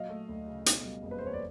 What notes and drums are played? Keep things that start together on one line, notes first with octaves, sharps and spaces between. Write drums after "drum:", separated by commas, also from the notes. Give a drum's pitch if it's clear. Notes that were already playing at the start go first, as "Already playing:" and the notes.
Already playing: A#2 F#3 D#5 F5
A3
D2
C#3
B2, drum: hi-hat
G3
F#1
B4
C5
E2 C#5
D5